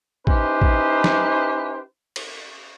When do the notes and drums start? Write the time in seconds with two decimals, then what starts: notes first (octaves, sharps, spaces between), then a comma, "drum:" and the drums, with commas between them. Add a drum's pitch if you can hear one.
0.27 C#4 D#4 E4 G4 B4 C5, drum: kick
0.61 drum: kick
1.04 drum: snare
2.16 drum: cymbal